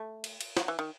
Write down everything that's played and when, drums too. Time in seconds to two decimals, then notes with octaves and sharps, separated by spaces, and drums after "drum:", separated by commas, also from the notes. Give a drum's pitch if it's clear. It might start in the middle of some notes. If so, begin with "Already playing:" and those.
Already playing: A3
0.24 drum: cymbal
0.41 drum: cymbal
0.57 F#3, drum: snare
0.68 E3
0.79 D#3